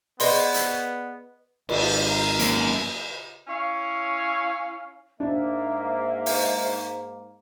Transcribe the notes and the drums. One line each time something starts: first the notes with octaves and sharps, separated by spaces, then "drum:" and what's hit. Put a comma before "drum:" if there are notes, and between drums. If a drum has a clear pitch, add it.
B3 G#4 B4 D5 D#5 B5 C6, drum: open hi-hat
drum: hi-hat
G#1 D5, drum: cymbal
A#4 A#5
F#2 A#3, drum: hi-hat
C#4 E4 C#5 F5
G#2 A#3 D4 E5
drum: open hi-hat